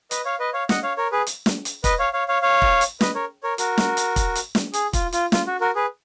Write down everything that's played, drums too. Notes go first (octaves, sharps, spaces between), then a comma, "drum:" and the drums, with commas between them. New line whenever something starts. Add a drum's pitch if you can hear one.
B4 D#5, drum: hi-hat
C#5 F5
B4 D#5
C#5 F5
D#5 F#5, drum: snare
C#5 F5
A#4 C#5
G#4 B4
drum: hi-hat
drum: snare
drum: hi-hat
B4 D#5, drum: kick, hi-hat
C#5 F5
C#5 F5
C#5 F5
C#5 F5
drum: kick
drum: hi-hat
B4 D#5, drum: snare
A#4 C#5
A#4 C#5
F#4 A#4, drum: hi-hat
drum: snare
drum: hi-hat
drum: kick, hi-hat
drum: hi-hat
drum: snare
G#4, drum: hi-hat
F4, drum: kick, hi-hat
F4, drum: hi-hat
F4, drum: snare
F#4
F#4 A#4
G#4 B4